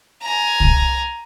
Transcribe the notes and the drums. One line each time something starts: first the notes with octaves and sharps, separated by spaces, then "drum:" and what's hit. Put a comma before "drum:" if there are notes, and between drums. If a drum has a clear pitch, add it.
G#5 A#5
drum: kick C2